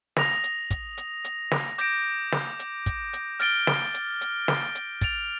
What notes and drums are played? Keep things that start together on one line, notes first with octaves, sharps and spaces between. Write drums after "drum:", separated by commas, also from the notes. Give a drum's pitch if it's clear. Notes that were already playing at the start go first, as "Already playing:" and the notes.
D#6 A#6 F7, drum: snare
drum: hi-hat
drum: kick, hi-hat
drum: hi-hat
drum: hi-hat
drum: snare
D6 G6 A#6 D7, drum: hi-hat
drum: snare
drum: hi-hat
drum: kick, hi-hat
drum: hi-hat
F6 A6 D7 G7, drum: hi-hat
drum: snare
drum: hi-hat
drum: hi-hat
drum: snare
drum: hi-hat
A6 D7 F7, drum: kick, hi-hat